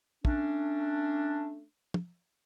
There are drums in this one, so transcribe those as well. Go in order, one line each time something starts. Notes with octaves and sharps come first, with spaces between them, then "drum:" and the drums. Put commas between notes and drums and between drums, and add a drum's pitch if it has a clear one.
A3 C#4 D4, drum: kick
drum: tom